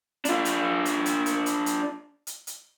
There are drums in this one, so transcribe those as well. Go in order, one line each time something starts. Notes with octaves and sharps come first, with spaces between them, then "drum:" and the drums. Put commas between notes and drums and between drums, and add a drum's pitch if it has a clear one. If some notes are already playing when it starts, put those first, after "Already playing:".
D4 F4, drum: hi-hat
drum: hi-hat
drum: hi-hat
drum: hi-hat
drum: hi-hat
drum: hi-hat
drum: hi-hat
drum: hi-hat
drum: hi-hat